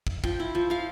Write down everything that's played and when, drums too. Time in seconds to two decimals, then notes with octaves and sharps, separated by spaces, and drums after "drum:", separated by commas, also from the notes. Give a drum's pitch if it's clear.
0.07 drum: kick
0.24 F3 G5, drum: kick
0.40 E4
0.55 F3
0.70 F3 F5